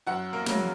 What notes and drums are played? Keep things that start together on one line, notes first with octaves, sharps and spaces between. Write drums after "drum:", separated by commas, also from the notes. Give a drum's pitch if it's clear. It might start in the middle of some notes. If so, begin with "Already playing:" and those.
F#2 F#4 F#5
A#3 A#4
C#3 F#3, drum: snare